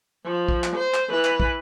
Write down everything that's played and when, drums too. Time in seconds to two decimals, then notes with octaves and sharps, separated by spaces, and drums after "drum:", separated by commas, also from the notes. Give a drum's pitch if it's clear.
0.24 F3
0.48 drum: kick
0.64 drum: clap
0.76 C5
0.94 drum: clap
1.09 E3 B4
1.24 drum: clap
1.40 drum: kick